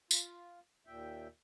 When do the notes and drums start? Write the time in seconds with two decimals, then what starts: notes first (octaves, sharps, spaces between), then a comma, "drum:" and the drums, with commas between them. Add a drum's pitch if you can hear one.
0.11 F4, drum: tambourine
0.87 D#2 A#2 E5 G5